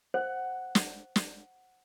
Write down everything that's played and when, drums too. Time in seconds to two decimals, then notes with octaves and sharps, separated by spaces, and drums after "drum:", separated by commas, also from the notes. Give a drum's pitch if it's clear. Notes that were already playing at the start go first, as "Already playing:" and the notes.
0.14 C5 F#5
0.75 drum: snare
1.16 drum: snare